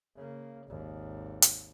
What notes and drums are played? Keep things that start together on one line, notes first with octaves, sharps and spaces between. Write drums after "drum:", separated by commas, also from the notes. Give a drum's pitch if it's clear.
C#3 A#3
G#1 D#2
drum: hi-hat